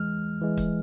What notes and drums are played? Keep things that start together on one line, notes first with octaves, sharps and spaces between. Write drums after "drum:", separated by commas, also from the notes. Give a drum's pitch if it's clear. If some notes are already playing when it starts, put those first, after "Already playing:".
Already playing: E3 G#3 F6
E3 G#3
drum: kick, hi-hat